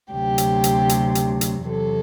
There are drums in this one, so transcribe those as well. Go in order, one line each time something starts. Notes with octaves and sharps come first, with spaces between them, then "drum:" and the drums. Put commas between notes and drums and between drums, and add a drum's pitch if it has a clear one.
D2 C3 F#3 G4
drum: hi-hat
drum: hi-hat
drum: hi-hat
drum: hi-hat
drum: hi-hat
E2 C3 F#3 A4